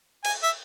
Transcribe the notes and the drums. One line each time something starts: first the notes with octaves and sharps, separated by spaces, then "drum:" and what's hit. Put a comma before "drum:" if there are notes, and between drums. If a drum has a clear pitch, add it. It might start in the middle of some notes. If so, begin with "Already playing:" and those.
G#5, drum: cymbal
E5